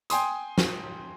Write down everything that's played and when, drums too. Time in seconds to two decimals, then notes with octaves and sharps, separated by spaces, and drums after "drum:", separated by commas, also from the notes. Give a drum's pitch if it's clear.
0.10 G5 G#5 C6 D#6, drum: hi-hat
0.58 drum: snare